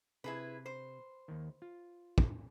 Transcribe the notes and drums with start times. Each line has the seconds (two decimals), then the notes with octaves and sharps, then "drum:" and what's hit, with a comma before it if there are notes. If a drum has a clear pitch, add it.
0.24 C3 E4 G#4 B4
0.66 C5
1.28 D#2 D#3
1.62 F4
2.18 drum: kick